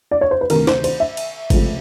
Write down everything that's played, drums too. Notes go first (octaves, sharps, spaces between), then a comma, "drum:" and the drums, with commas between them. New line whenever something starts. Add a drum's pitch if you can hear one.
D5
C#5
C5
B4
D2 C3 D#3 A#4, drum: cymbal
C5, drum: snare
C5, drum: cymbal
E5
drum: cymbal
C#2 C3 F3 A3 C4, drum: kick G#1, cymbal